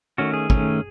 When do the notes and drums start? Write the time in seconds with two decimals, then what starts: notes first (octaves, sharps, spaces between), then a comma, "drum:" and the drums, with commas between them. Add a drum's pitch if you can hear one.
0.18 D#3 A3 C#4 F#4
0.34 G#4
0.50 D#3 A3 C#4, drum: kick